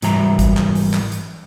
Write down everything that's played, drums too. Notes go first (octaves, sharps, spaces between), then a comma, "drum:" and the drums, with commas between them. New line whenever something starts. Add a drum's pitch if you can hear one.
G#2 E3 F#3 G3 E5 A#5, drum: hi-hat
drum: kick G#1, hi-hat
drum: clap
drum: open hi-hat
drum: clap
drum: hi-hat